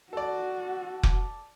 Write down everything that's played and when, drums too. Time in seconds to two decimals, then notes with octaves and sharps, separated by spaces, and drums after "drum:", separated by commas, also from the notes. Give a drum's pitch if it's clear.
0.13 F#4 A4 D5
1.03 drum: kick F1